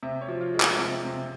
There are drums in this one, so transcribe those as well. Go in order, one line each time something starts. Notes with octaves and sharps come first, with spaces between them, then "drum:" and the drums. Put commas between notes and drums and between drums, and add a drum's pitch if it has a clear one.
C3 E5
C#5
F3
F4
G#3
F4, drum: clap
C3
C3